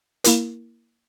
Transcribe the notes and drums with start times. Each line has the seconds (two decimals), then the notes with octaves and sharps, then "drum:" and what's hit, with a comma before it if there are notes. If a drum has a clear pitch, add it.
0.24 A#3 E4 A#4, drum: hi-hat